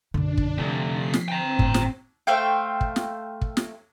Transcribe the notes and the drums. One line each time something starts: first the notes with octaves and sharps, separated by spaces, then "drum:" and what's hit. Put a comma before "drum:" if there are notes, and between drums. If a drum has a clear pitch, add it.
B1 F#2 D3 D4
drum: kick
C3 F3 A3
B6 C7
drum: snare
C4 G5 A#5
G1 E2 A2, drum: kick
drum: snare
A3 C5 F5 G5
drum: kick
drum: snare
drum: kick
drum: snare